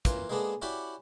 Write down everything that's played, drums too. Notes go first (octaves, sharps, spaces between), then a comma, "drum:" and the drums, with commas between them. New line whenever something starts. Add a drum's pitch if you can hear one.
E3 A#3 F4, drum: kick, hi-hat
G#3 A#3 B3 D4 G#4 A4
C#4 E4 F#4 G4 D5 B5